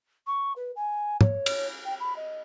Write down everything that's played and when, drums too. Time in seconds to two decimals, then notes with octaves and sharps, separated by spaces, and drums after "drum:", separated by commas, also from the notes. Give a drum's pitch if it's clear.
0.27 C#6
0.56 B4
0.76 G#5
1.21 C#5, drum: tom
1.46 drum: cymbal
1.85 G5
2.00 B5
2.16 D#5